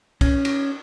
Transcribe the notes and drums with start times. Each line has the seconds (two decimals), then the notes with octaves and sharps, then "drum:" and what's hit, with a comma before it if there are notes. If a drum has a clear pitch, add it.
0.21 C#4, drum: kick, cymbal
0.45 drum: cymbal